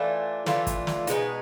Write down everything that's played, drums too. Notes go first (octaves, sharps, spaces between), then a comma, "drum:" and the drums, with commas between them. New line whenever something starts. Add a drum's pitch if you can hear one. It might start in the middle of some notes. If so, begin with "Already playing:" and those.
Already playing: E3 A3 D4 F4
E3 A3 D4 F4, drum: snare
drum: kick, hi-hat
drum: snare
B2 G#3 B3 D#4, drum: hi-hat